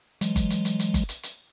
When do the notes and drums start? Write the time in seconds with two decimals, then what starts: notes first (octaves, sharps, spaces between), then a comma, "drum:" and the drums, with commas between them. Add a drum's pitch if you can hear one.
0.21 E3 F#3 G#3, drum: hi-hat
0.36 drum: kick G1, hi-hat
0.50 drum: hi-hat
0.65 drum: hi-hat
0.80 drum: hi-hat
0.94 drum: kick G1, hi-hat
1.09 drum: hi-hat
1.23 drum: hi-hat